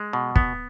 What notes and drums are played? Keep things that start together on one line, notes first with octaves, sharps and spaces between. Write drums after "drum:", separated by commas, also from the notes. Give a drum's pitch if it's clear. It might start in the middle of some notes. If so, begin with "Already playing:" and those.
Already playing: G#3
B2
B3, drum: kick